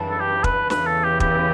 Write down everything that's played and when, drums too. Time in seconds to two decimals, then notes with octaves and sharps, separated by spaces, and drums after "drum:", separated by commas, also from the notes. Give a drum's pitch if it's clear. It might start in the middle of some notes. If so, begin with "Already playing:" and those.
Already playing: F#2 C#3 E3 G3 D4
0.10 A4
0.20 G4
0.44 B4, drum: kick
0.70 E2 C#3 E3 B4, drum: snare
0.86 A4
1.04 G4
1.20 G4, drum: kick